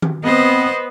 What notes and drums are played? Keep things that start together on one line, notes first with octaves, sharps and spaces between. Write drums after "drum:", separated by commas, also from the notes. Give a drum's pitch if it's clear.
drum: tom D#3
B3 C4 C5 D#5